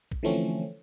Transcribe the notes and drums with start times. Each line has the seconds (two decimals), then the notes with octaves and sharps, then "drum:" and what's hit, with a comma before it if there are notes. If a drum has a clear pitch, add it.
0.11 drum: kick
0.23 D3 E3 F3 A3 C4 C#4